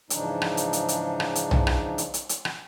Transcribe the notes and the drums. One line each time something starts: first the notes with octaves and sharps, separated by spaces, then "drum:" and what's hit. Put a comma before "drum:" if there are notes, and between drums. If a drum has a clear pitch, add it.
G#2 C#3 E3 F3 D4 D#4, drum: hi-hat
drum: rim click
drum: hi-hat
drum: hi-hat
drum: hi-hat
drum: rim click
drum: hi-hat
drum: tom
drum: rim click
drum: hi-hat
drum: hi-hat
drum: hi-hat
drum: rim click